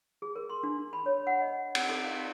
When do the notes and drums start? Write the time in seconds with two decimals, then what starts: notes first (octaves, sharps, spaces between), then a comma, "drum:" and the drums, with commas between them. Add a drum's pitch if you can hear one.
0.22 G#4
0.36 A#4
0.49 C6
0.63 D4
0.93 B5
1.06 C#5
1.27 F#5
1.41 D#5
1.75 F#5, drum: cymbal
1.89 A4
2.04 F5